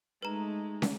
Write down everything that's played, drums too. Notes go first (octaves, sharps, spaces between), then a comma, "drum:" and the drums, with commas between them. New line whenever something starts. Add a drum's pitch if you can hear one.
G#3 A3 D#4 B4 A#5
drum: snare